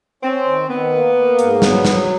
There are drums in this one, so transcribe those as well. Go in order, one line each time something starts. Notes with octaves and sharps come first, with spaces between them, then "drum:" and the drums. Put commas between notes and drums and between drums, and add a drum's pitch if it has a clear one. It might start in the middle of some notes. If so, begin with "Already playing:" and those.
C4 C#4
D#3
D#3 B3
A#3
A#3
G#2, drum: hi-hat
F#3 B3, drum: snare
F#3, drum: snare